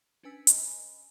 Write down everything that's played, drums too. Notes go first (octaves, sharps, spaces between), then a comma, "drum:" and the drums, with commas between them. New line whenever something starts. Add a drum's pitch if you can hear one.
C#4 D4 B4 G#5 E6 B6
D#5 G#5 B5, drum: hi-hat